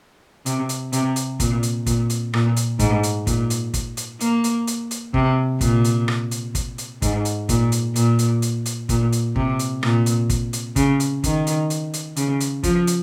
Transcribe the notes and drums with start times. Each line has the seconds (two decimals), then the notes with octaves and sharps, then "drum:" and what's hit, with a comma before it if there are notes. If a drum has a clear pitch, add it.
0.46 C3, drum: hi-hat
0.69 drum: hi-hat
0.93 C3, drum: hi-hat
1.16 drum: hi-hat
1.40 A#2, drum: kick, hi-hat
1.63 drum: hi-hat
1.86 A#2, drum: kick, hi-hat
2.10 drum: hi-hat
2.33 A#2, drum: rim click
2.56 drum: hi-hat
2.79 G#2, drum: kick, hi-hat
3.03 drum: hi-hat
3.27 A#2, drum: kick, hi-hat
3.50 drum: hi-hat
3.74 drum: kick, hi-hat
3.97 drum: hi-hat
4.20 A#3, drum: hi-hat
4.44 drum: hi-hat
4.67 drum: hi-hat
4.91 drum: hi-hat
5.14 C3, drum: kick
5.61 A#2, drum: kick, hi-hat
5.84 drum: hi-hat
6.08 drum: rim click
6.31 drum: hi-hat
6.55 drum: kick, hi-hat
6.78 drum: hi-hat
7.02 G#2, drum: kick, hi-hat
7.25 drum: hi-hat
7.49 A#2, drum: kick, hi-hat
7.72 drum: hi-hat
7.96 A#2, drum: hi-hat
8.19 drum: hi-hat
8.42 drum: hi-hat
8.66 drum: hi-hat
8.89 A#2, drum: kick, hi-hat
9.12 drum: hi-hat
9.36 C3, drum: kick
9.59 drum: hi-hat
9.83 A#2, drum: rim click
10.06 drum: hi-hat
10.30 drum: kick, hi-hat
10.53 drum: hi-hat
10.76 C#3, drum: kick, hi-hat
11.00 drum: hi-hat
11.24 D#3, drum: kick, hi-hat
11.47 drum: hi-hat
11.70 drum: hi-hat
11.94 drum: hi-hat
12.16 C#3, drum: hi-hat
12.40 drum: hi-hat
12.63 F3, drum: kick, hi-hat
12.87 drum: hi-hat